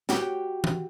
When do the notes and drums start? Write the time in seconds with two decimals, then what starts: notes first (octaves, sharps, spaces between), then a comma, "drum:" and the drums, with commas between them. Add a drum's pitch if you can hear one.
0.09 F#4 G4 G5, drum: snare
0.64 drum: tom E3